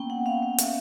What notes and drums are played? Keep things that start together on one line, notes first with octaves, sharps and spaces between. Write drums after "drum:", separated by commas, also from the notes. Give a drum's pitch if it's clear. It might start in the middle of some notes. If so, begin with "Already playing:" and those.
Already playing: A#3 B3 C#4 G5
F#5
B3 F5
F5
C#4 E5, drum: hi-hat